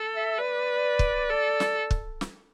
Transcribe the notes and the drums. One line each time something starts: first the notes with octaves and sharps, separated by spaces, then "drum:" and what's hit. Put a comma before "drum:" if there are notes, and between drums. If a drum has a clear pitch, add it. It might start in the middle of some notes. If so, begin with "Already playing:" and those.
Already playing: A4
E5
B4 D5
drum: kick
A4
drum: snare
drum: kick
drum: snare